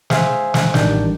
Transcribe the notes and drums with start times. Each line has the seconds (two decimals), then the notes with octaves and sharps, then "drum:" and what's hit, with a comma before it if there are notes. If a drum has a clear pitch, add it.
0.10 G#4 C5 E5 F5 G#5, drum: snare
0.54 drum: snare
0.74 A1 D#3 G3 D4 G6, drum: snare